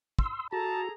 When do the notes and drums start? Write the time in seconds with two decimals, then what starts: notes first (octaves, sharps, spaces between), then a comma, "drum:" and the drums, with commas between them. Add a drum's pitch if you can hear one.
0.19 C6 E6, drum: kick
0.53 F#4 G#4 A4 A5 A#5